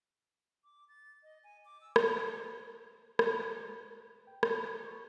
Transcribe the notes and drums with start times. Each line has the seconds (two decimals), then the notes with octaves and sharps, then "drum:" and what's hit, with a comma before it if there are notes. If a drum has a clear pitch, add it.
0.64 D6
0.89 A6
1.23 D#5
1.44 G#5
1.65 D6
1.81 E6
1.96 A5, drum: rim click
2.18 C5
3.19 drum: rim click
3.65 G#3
3.81 B4
4.00 B4
4.27 G5
4.43 A#4, drum: rim click
4.85 C#6